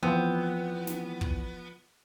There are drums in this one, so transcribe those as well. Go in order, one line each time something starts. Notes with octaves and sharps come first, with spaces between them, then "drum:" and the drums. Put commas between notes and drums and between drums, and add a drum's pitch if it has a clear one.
E2 F3 B3 C4
drum: snare
drum: kick